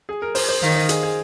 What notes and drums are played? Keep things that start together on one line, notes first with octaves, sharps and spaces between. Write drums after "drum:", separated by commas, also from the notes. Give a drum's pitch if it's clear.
G#4
A#4
C5, drum: open hi-hat
C5
D#3 F5
D#5
G#4, drum: hi-hat
G#4